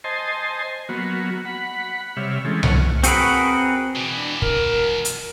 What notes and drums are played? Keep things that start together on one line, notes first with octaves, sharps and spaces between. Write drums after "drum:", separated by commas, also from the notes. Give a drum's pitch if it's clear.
C5 D#5 G#5 A5 C6
F#3 A#3 B3 F#4
F#5 B5
C3 G3 C#5 E5 F6
E3 G#3 C4 C#4 A4
E2 A3 C#5 F#5 C#6 F6, drum: tom C2
C4 F#4 G#4 A#4 B4, drum: hi-hat
B2 E3
D4
A#4, drum: kick
drum: hi-hat